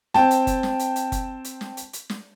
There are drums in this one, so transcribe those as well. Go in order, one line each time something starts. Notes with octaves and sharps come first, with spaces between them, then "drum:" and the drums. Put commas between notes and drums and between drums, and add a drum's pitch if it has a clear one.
C4 G5 A5, drum: snare
drum: hi-hat
drum: kick F#1, hi-hat
drum: snare
drum: hi-hat
drum: hi-hat
drum: kick F#1, hi-hat
drum: hi-hat
drum: snare
drum: hi-hat
drum: hi-hat
drum: snare